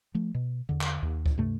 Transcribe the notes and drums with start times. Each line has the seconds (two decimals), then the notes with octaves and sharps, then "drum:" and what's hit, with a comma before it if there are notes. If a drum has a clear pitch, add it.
0.15 F3 A3
0.35 B2
0.69 E2 D3
0.81 drum: clap
1.03 D#2
1.26 drum: kick C#2
1.38 G2 C3 A3